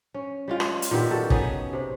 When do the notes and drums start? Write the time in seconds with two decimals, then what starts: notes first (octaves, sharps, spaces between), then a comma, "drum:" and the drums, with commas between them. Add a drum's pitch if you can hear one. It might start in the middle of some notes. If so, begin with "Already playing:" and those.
0.14 C#4
0.48 G3 G#3 F4
0.60 drum: rim click
0.82 drum: hi-hat
0.91 A#2 D#3 B3 G4
1.10 F#4 G4 A4
1.30 B3 C#4 D#4 G#4, drum: kick
1.73 C3